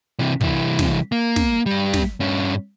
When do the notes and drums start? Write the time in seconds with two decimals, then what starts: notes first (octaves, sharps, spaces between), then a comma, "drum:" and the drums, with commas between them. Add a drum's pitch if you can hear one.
0.19 C3 E3
0.41 C2 E3, drum: kick
0.79 drum: snare
1.12 A#3
1.36 drum: snare
1.66 G2 G3
1.94 drum: snare
2.20 G2 C#4